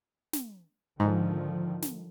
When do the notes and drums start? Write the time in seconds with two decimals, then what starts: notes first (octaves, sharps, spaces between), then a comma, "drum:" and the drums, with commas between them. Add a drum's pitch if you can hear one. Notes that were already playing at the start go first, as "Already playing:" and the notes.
0.33 drum: snare
1.00 G#2 D3 D#3 F3
1.82 drum: snare